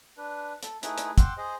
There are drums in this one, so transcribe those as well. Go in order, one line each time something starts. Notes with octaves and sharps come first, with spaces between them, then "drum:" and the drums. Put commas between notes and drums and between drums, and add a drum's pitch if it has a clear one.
D4 B4
A4, drum: hi-hat
A3 D#4 E4 G#4 B4, drum: hi-hat
drum: hi-hat
F#5 G5 C6 D6 E6, drum: kick, hi-hat
G#4 C5 D#5